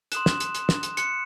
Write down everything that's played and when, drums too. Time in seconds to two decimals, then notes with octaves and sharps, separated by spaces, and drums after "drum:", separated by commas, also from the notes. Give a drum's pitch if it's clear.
0.12 C6 D#6 F#6 E7, drum: hi-hat
0.26 drum: snare
0.40 drum: hi-hat
0.55 drum: hi-hat
0.69 drum: snare
0.83 drum: hi-hat
0.97 C6 F#6 C#7, drum: hi-hat